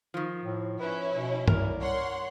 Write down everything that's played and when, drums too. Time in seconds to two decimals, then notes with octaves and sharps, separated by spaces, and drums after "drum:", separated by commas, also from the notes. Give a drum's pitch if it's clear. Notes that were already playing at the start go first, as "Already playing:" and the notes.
0.14 D#3 F3
0.43 A2
0.80 C#4 E4 B4
1.13 B2
1.48 C2 A#4, drum: tom G2
1.80 C#5 F#5 C6